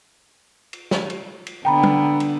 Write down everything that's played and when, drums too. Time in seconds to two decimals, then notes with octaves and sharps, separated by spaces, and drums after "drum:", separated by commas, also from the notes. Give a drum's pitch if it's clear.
0.73 drum: cymbal
0.91 drum: snare
1.10 drum: cymbal
1.47 drum: cymbal
1.65 D3 B3 G5 A#5 B5
1.83 drum: tom
2.20 drum: cymbal